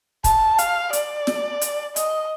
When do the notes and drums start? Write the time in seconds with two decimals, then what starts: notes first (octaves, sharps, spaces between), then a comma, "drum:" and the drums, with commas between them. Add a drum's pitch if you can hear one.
0.24 A5, drum: kick, hi-hat
0.58 F5, drum: hi-hat
0.93 D5, drum: hi-hat
1.27 drum: snare
1.61 drum: hi-hat
1.96 D#5, drum: hi-hat